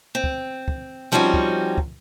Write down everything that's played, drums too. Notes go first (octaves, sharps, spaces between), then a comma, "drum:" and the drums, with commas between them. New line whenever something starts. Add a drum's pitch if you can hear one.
C4
drum: kick
drum: kick
F3 G3 C4 C#4 D#4 F#4
drum: kick
drum: kick